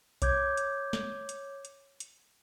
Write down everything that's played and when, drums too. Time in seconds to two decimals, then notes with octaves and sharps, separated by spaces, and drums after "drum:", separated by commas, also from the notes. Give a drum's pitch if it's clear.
0.22 C#5 D6 G6 G#6, drum: kick B1, hi-hat
0.57 drum: hi-hat
0.93 drum: snare
1.29 drum: hi-hat
1.65 drum: hi-hat
2.00 drum: hi-hat